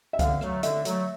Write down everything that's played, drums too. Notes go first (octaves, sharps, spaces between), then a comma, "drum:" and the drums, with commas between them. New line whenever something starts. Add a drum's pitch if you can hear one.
E5
D3 F5, drum: kick C#2, hi-hat
F#3 A3, drum: rim click
D3 E5, drum: hi-hat
F#3 A3, drum: hi-hat